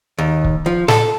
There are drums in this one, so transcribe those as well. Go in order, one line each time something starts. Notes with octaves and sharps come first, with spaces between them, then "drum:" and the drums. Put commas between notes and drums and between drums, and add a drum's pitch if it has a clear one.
D#2
drum: kick C#1
F3
A4, drum: snare